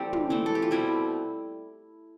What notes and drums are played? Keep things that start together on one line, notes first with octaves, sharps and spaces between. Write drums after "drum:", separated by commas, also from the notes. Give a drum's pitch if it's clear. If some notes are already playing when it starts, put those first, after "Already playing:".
Already playing: E3 G3 A3 C4 G4 A4
drum: tom
E3 A3 C4
A4
G4
F4
B2 G3 C4 E4